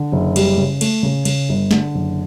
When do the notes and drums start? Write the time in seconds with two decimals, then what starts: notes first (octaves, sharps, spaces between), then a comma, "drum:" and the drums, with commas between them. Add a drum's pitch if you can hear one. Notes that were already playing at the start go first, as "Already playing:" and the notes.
Already playing: D3
0.12 F#1
0.36 G3, drum: cymbal
0.58 C#3
0.81 A3, drum: cymbal
1.03 C#3
1.25 C#3, drum: cymbal
1.49 G1
1.71 D3, drum: snare
1.95 F#1